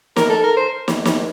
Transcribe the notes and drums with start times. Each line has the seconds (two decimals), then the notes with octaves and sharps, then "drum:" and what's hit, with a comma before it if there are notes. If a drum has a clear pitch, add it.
0.16 A#4, drum: snare
0.30 A4
0.43 A#4
0.57 C5
0.88 drum: snare
1.05 drum: snare